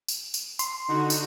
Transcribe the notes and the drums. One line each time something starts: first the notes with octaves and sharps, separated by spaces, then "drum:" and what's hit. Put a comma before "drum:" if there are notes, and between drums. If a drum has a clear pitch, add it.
drum: tambourine
drum: tambourine
C6, drum: tambourine
D3 D#4 F#4
drum: tambourine